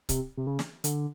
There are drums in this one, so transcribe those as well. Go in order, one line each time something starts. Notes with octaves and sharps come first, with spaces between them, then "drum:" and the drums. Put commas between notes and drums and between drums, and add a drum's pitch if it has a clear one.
C3, drum: kick C#1, hi-hat
C3
C#3
drum: snare
D3, drum: hi-hat